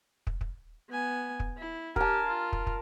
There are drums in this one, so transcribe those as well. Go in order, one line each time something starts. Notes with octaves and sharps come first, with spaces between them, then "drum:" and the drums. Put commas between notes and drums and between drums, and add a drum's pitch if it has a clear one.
drum: kick
drum: kick
B3 G#5
drum: kick
E4
G4 A#4 G#5 A5, drum: kick
F4
drum: kick
drum: kick